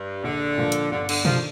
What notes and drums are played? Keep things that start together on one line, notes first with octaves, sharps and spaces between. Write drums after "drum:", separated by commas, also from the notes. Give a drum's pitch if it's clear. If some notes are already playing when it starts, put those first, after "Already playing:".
Already playing: G2
A#1 D3
A#2 F3 A3
drum: hi-hat
G1 D3
D3, drum: cymbal
D#3 F3 A3 D4, drum: tom B2